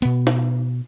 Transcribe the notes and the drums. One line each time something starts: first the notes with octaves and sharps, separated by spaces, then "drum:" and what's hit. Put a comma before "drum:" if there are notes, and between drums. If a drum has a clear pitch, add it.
B2 B3, drum: hi-hat
drum: snare